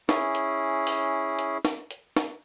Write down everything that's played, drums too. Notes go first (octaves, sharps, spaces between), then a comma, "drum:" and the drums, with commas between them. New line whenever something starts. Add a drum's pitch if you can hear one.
C#4 E4 G#4, drum: snare
drum: hi-hat
drum: open hi-hat
drum: hi-hat
drum: snare
drum: hi-hat
drum: snare